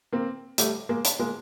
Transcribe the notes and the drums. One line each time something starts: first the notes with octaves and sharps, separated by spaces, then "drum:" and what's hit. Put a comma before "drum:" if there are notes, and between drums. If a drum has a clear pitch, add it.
A#3 C4
G3 A3, drum: hi-hat
G#3 A#3
drum: hi-hat
G#3 A#3